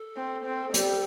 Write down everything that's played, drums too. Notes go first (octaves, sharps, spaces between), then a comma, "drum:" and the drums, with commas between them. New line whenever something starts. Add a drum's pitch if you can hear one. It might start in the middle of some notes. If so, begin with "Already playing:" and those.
Already playing: A4
C4
C4
G3, drum: hi-hat